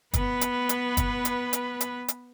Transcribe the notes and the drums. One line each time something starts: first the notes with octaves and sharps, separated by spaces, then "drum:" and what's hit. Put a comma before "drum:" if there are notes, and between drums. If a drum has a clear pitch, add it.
B3 B4, drum: kick, hi-hat
drum: hi-hat
drum: hi-hat
drum: kick, hi-hat
drum: hi-hat
drum: hi-hat
drum: hi-hat
drum: hi-hat